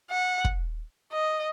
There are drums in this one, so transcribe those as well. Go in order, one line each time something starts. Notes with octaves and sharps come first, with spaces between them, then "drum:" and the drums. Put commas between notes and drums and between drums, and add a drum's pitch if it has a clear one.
F#5
drum: kick
D#5